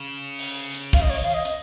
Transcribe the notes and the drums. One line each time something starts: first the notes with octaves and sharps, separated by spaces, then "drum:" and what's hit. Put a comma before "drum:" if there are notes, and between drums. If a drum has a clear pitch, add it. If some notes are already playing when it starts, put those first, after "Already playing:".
Already playing: C#3
drum: open hi-hat
drum: hi-hat
F5, drum: kick, hi-hat
D#5
C#5, drum: open hi-hat
F5
D#5
drum: hi-hat